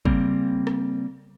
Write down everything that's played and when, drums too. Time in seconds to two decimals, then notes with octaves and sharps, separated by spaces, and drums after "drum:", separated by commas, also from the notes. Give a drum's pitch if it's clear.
0.05 C#3 G3 A#3 C4, drum: kick
0.67 drum: rim click